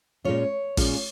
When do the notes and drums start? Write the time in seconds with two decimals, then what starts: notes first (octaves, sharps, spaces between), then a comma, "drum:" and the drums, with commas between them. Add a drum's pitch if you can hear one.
0.24 A#2 G#3 C#4 F4 C#5
0.77 A#2 G#3 C#4 F4, drum: kick, open hi-hat